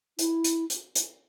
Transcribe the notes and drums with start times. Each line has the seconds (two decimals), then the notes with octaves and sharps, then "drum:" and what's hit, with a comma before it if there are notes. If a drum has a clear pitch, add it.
0.19 E4, drum: hi-hat
0.44 drum: hi-hat
0.70 drum: hi-hat
0.95 drum: hi-hat